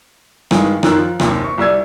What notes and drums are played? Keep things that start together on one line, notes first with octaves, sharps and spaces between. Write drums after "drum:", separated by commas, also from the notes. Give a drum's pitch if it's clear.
G2 D#3 E3 G#3, drum: rim click
F#2 D#3 A#4 E6 F#6, drum: rim click
F3
F#1 D#2 C3, drum: rim click
C#6
C2 G3 E6 G#6